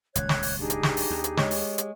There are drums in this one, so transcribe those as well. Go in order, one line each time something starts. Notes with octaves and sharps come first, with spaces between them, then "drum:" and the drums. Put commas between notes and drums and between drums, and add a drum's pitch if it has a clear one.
D#1 C#2 C#5 F#6 G#6, drum: hi-hat
drum: snare
drum: open hi-hat
D4 D#4 G4 G#4
drum: hi-hat
drum: snare
drum: open hi-hat
D#2
drum: hi-hat
G#3 C#5, drum: snare
drum: open hi-hat
drum: hi-hat